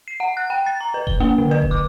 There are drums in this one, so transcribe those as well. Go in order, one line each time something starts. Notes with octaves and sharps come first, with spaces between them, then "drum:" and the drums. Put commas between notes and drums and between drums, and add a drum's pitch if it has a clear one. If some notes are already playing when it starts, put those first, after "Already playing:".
C7
F#5
F#6
G5
A6
A#5
B4
G7, drum: kick E1
A#3
D3
B4
drum: kick E1
D6